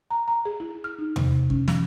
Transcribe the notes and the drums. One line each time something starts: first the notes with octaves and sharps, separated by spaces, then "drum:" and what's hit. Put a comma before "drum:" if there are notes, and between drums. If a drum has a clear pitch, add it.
A#5
A#5
G#4
E4
F6
D#4
C3, drum: tom E2
C#4, drum: kick F2
F3, drum: snare